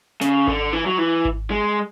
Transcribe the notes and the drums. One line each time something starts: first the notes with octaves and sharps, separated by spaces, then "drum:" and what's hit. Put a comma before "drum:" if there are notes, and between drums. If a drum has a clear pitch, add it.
C#3, drum: snare
D3, drum: kick G#1
E3
F#3
E3
drum: kick G#1
G#3